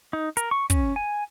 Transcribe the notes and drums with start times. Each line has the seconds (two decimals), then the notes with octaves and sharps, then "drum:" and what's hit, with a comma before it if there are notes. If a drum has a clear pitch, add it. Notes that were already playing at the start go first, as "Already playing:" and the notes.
0.13 D#4
0.37 A#4, drum: hi-hat
0.51 C#6
0.70 C#4, drum: kick, hi-hat
0.96 G#5